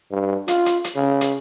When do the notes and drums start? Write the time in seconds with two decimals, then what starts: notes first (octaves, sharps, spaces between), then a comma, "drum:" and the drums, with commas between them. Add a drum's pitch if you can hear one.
0.11 G2
0.48 F4, drum: hi-hat
0.66 drum: hi-hat
0.84 drum: hi-hat
0.96 C#3
1.21 drum: hi-hat